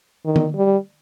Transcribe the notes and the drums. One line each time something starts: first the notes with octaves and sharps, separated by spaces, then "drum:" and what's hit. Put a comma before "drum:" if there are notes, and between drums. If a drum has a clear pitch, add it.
D#3
drum: tom D#3
G3